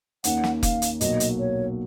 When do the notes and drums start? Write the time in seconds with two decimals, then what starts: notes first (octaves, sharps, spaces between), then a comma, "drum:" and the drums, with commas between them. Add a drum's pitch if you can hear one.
0.24 D#2 D#3 A#3 C#4 F#5, drum: hi-hat
0.44 drum: snare
0.63 F5, drum: kick F1, hi-hat
0.82 drum: hi-hat
1.01 B1 A#2 F#3 A#3 D#5, drum: hi-hat
1.20 drum: hi-hat
1.39 C#5